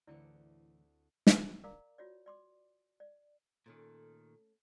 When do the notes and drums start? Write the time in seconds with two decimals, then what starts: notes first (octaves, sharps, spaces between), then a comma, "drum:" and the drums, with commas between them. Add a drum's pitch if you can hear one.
0.07 D2 A2 D3 E3 C4 E4 D5 C#7
1.27 G5, drum: snare
1.64 A#4 D5 F5 A#5 D6
1.98 F4 F#4 C#5 D5
2.26 D5 C6 D6
3.00 D5
3.66 A#2 D#3 A3 C#4